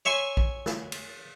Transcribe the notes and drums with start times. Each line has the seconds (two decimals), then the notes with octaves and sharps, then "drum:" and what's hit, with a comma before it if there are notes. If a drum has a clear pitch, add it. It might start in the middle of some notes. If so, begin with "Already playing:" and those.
0.05 C#5 E5 G#5 C6
0.37 drum: kick A#1
0.66 drum: snare
0.92 drum: cymbal